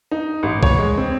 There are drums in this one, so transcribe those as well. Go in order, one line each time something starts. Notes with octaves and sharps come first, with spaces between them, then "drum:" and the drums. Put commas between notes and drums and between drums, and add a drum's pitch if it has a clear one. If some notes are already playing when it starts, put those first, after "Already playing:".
D#4
A1
C#5, drum: kick
G#3
C4